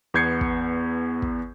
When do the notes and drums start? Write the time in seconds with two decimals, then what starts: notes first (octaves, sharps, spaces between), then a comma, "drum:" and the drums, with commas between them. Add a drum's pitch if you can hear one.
0.14 E2 B3 G6 G#6 C7 C#7
0.41 drum: kick
1.22 drum: kick